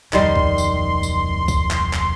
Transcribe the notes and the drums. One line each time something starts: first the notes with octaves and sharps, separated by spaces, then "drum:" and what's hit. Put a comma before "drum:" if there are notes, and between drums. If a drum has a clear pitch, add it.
D1 F2 D#3 G3 D#4 C6, drum: clap
drum: kick C#2
drum: tambourine
drum: tambourine
drum: kick C#2, tambourine
drum: clap
drum: clap